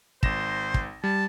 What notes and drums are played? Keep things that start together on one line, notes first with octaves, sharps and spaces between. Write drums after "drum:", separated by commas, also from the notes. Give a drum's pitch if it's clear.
G#1 C5 A#6 E7, drum: kick
drum: kick
G3 A5